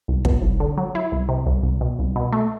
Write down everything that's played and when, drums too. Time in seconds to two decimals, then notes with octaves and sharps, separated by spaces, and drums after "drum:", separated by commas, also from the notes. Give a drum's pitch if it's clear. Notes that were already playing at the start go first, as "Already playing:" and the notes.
0.08 C2
0.25 B2, drum: kick
0.42 C2
0.60 D3
0.77 F#3
0.95 E4
1.12 C2
1.29 C3
1.46 C2
1.63 C2
1.81 B2
1.99 C2
2.16 B2
2.32 A3